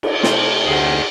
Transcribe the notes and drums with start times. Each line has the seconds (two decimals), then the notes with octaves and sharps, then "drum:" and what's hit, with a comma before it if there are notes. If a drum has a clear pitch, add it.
0.03 drum: cymbal
0.23 C3 A3 C5, drum: snare
0.66 D2 G#4 F#5